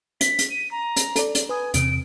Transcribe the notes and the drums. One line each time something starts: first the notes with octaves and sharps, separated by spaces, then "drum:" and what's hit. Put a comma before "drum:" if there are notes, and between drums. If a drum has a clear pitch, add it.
B6, drum: hi-hat
drum: hi-hat
D#7
A#5
drum: hi-hat
A4 D5, drum: hi-hat
drum: hi-hat
B4 G#5 D#6
E2 C3 D7, drum: hi-hat